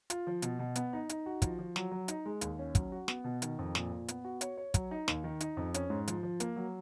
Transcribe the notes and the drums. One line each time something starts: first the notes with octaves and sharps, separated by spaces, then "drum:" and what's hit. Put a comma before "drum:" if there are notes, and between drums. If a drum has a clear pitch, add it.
F4, drum: hi-hat
F3
B2, drum: hi-hat
B2
B3, drum: hi-hat
D#4
D#4, drum: hi-hat
F#4
F3, drum: kick, hi-hat
F3
F#3, drum: snare
F#3
D#4, drum: hi-hat
G#3
D#2, drum: hi-hat
C#4
F#3, drum: kick, hi-hat
F#4
B3, drum: snare
B2
D#3, drum: hi-hat
F2
A#2, drum: snare
A#2
B3, drum: hi-hat
F#4
C#5, drum: hi-hat
C#5
F#3, drum: kick, hi-hat
D#4
D#2, drum: snare
D#3
D#4, drum: hi-hat
F2
C#4, drum: hi-hat
G#2
F3, drum: hi-hat
F3
A#3, drum: hi-hat
F#3